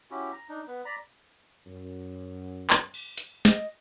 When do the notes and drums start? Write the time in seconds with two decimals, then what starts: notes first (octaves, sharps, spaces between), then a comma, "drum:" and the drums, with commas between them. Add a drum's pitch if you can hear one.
0.11 C#4 E4 F#4 G4
0.33 A#5
0.49 D4 D#4
0.68 B3 B4
0.85 D5 A#5 B5
1.67 F#2
2.70 drum: clap
2.94 drum: cymbal
3.17 drum: hi-hat
3.45 D#5, drum: snare